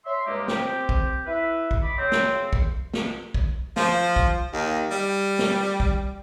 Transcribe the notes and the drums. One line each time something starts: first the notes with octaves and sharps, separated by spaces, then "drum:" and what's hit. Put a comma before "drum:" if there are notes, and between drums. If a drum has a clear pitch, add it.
C#5 E5 C6
C#2 G2 G#3 A#3 G4 D#5
C4 G4, drum: snare
drum: kick B1
E4 B4 E5
drum: kick B1
D#5 B5 D6
C#3 C4
drum: snare
drum: kick B1
drum: snare
drum: kick B1
F3, drum: snare
drum: kick B1
D#2
G3
drum: snare
drum: kick B1